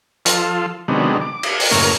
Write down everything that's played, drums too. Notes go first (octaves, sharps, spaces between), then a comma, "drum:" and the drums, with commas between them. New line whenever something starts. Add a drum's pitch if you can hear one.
F3 F4 A4, drum: hi-hat
C3 D#3 F#3 G#3 B3 D4
D6
drum: cymbal
drum: open hi-hat
F#2 A2 C#3 A#3 A#4 C#5